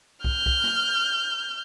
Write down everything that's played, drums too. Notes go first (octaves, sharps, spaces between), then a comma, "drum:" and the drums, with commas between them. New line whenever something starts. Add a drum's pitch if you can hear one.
F6 G6, drum: kick
drum: kick
drum: snare